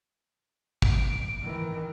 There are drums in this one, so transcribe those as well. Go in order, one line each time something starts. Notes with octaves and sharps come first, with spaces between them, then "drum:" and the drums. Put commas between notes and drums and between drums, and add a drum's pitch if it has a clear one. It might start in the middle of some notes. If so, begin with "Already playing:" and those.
D7, drum: kick
D#3 E3